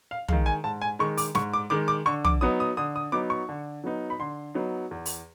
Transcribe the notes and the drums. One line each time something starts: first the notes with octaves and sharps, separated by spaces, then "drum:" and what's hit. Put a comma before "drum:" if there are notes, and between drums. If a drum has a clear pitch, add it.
F5
D#3 G#3 F5, drum: tom
G#5
G#2 A5
G#5
D#3 G#3 C#6
D6, drum: open hi-hat
G#2 C#6, drum: snare
D6
D#3 G#3 D6
D6
D3 C#6
D6, drum: tom
F#3 B3 D#4 D#6
D#6
D3 D#6
D#6
F#3 B3 D#4 D6
C#6
D3
F#3 B3 D#4
B5
D3 C6
F#3 B3 D#4
E2
drum: open hi-hat